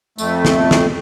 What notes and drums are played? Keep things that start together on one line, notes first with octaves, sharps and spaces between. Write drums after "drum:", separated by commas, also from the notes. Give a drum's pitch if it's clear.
F2 A3, drum: tambourine
drum: snare
drum: snare